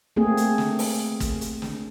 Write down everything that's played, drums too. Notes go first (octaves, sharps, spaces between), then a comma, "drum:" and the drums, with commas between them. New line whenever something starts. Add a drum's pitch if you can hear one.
A3 A#3 C4 G#4
drum: hi-hat
drum: snare
drum: open hi-hat
drum: kick, hi-hat
drum: hi-hat
drum: snare